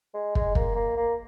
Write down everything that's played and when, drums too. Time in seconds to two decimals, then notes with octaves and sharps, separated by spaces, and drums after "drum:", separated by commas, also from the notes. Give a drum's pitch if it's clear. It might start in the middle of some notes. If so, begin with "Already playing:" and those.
0.14 G#3
0.35 G#3, drum: kick
0.55 A#3, drum: kick
0.75 A#3
0.97 A#3